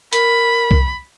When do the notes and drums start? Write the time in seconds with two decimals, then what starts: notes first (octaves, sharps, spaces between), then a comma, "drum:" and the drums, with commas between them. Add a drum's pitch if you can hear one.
0.13 A#4 B5, drum: hi-hat
0.71 drum: kick C2